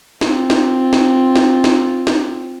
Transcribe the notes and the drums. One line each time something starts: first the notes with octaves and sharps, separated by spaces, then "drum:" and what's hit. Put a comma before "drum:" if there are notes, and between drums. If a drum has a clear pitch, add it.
C4 F4, drum: snare
drum: snare
drum: snare
drum: snare
drum: snare
drum: snare